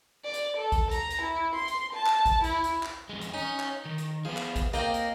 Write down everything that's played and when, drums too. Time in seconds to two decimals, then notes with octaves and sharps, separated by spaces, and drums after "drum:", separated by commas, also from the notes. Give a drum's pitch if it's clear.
0.24 D5
0.34 drum: hi-hat
0.57 A4
0.72 drum: kick A1, hi-hat
0.91 A#5, drum: hi-hat
1.11 drum: hi-hat
1.22 E4
1.56 C6
1.68 drum: hi-hat
1.93 A5
2.06 drum: clap
2.26 drum: kick A1, hi-hat
2.44 E4, drum: hi-hat
2.64 drum: hi-hat
2.83 drum: clap
3.09 F2 G#3
3.21 drum: hi-hat
3.34 D#4 C#5 D#5 G#5
3.60 drum: clap
3.85 D#3
3.98 drum: hi-hat
4.25 F3 B3 G#4
4.37 drum: clap
4.56 drum: kick A1, hi-hat
4.73 A#3 C4 F4 D#5 G5, drum: hi-hat
4.94 drum: hi-hat